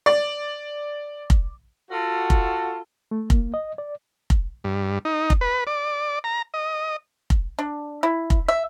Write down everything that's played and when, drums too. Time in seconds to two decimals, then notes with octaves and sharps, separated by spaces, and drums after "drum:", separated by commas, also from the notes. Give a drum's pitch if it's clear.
0.06 D5
1.30 drum: kick F1
1.90 F4 F#4 A4
2.30 drum: kick F1
3.11 A3
3.30 A#3, drum: kick F1
3.54 D#5
3.78 D5
4.30 drum: kick F1
4.64 G2
5.05 D#4
5.30 drum: kick F1
5.41 B4
5.67 D5
6.24 A#5
6.54 D#5
7.30 drum: kick F1
7.59 D4
8.03 E4
8.30 drum: kick F1
8.48 E5